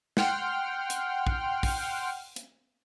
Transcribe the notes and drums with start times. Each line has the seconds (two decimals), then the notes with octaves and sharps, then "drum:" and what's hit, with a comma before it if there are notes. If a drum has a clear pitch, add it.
0.17 F#5 G5 C6 F6, drum: snare
0.90 drum: hi-hat
1.27 drum: kick
1.63 drum: kick, open hi-hat
2.36 drum: hi-hat